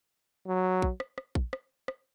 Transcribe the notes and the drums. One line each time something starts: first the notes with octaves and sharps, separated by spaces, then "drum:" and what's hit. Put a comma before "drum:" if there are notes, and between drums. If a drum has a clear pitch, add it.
F#3
drum: kick
drum: rim click
drum: rim click
drum: kick
drum: rim click
drum: rim click